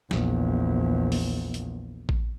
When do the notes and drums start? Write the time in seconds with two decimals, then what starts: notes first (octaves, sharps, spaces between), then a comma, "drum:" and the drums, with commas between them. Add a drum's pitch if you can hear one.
0.11 A#1 E2, drum: snare F#3
1.12 drum: open hi-hat
1.54 drum: hi-hat
2.09 drum: kick A1